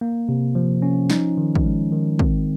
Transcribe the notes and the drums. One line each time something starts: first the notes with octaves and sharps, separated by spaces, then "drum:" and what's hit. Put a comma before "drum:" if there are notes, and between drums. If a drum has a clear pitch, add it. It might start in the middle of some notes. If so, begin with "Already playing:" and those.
A#3
C3
F3
C#4
D#4, drum: snare
D#3
drum: kick
G#3
D#3
C4, drum: kick